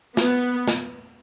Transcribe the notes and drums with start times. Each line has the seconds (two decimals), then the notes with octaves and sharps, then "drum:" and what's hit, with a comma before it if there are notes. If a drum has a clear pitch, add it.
0.17 B3, drum: snare
0.67 drum: snare